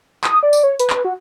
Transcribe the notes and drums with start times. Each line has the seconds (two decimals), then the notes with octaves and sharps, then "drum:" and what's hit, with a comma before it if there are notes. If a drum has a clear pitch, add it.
0.24 D#6, drum: clap
0.43 D5
0.53 drum: tambourine
0.63 C#5
0.79 B4, drum: hi-hat
0.90 drum: clap
1.05 F#4